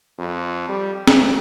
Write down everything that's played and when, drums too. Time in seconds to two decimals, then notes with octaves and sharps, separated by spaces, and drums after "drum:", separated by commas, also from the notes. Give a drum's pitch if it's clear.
0.19 F2
0.69 G3
1.07 D2, drum: snare